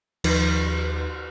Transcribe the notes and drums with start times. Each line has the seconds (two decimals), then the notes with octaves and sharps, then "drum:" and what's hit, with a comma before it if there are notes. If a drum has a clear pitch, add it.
0.24 D#2 F3 D#4 B4, drum: cymbal